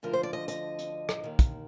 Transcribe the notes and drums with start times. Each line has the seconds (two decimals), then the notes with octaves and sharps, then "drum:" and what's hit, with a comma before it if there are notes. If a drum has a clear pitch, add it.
0.03 D2 D3 F3 A#4
0.13 C5
0.23 D5
0.33 D#5
0.48 D#5, drum: hi-hat
0.79 drum: hi-hat
1.09 drum: rim click
1.24 D#2 D#3
1.39 drum: kick, hi-hat